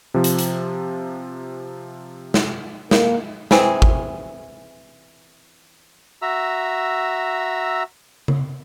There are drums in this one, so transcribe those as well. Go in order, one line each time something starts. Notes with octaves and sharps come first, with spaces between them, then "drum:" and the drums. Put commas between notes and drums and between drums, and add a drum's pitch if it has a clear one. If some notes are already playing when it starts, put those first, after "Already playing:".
C3 F3
drum: hi-hat
drum: hi-hat
drum: snare
A#3, drum: snare
E3 C4 G#4, drum: snare
drum: kick
F#4 E5 A#5 E6
drum: tom C#3